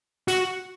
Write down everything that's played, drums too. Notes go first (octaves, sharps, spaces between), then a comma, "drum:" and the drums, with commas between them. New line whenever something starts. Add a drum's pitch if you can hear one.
F#4, drum: hi-hat